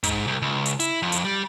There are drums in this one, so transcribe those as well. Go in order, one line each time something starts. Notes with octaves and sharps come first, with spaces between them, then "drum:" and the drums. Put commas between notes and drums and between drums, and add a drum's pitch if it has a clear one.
G#2, drum: kick, hi-hat
C2
C#2
drum: hi-hat
E4, drum: hi-hat
F2
drum: hi-hat
G3